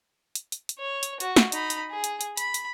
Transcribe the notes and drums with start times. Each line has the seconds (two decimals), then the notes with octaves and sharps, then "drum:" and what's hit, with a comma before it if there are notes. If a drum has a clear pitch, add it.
0.35 drum: hi-hat
0.52 drum: hi-hat
0.69 drum: hi-hat
0.79 C#5
1.03 drum: hi-hat
1.20 F#4, drum: hi-hat
1.36 drum: snare
1.52 D#4 B5, drum: hi-hat
1.70 drum: hi-hat
1.91 G#4
2.04 drum: hi-hat
2.21 drum: hi-hat
2.37 B5, drum: hi-hat
2.54 drum: hi-hat